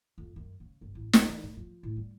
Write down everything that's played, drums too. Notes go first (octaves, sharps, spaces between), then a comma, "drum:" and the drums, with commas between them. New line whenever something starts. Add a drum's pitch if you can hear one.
F2
F#2
C#3
G1
A1
C#2, drum: snare
E3
A2
F3
A2
G3